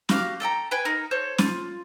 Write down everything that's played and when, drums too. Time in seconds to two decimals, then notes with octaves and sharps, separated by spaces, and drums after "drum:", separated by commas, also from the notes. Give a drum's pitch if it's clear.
0.09 F#4 G4 F5 D6, drum: snare C#4
0.40 A4 E5 G5 A#5
0.71 B4 G5 G#5
0.85 D#4 A#4
1.11 A4 C5 C#5
1.38 F4, drum: snare C#4